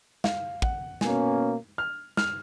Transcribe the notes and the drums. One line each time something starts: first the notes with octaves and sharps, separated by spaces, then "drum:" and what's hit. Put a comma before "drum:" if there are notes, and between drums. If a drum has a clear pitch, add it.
F5, drum: snare
F#5, drum: kick
B2 A#3 C#4 G#5, drum: snare
F6
F6, drum: snare